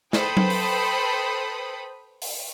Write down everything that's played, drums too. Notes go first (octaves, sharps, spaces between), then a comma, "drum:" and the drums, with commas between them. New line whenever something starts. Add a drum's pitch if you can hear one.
A4 B4 C5 G5 B5 D#6, drum: snare
drum: tom F#3
drum: open hi-hat
drum: open hi-hat